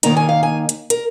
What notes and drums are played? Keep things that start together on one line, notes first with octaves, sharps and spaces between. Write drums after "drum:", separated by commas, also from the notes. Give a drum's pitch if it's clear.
D#2 D#3 A#3 D#4 A#5, drum: hi-hat
G#5
F5
G#5
drum: hi-hat
A#4, drum: hi-hat